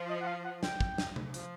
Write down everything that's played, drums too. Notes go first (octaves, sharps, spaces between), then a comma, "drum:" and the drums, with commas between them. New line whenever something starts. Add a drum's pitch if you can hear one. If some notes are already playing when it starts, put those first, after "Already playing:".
Already playing: F3
D#5
F#5
F5
F#5
G5, drum: snare
drum: kick
drum: snare
drum: tom C3
F3, drum: hi-hat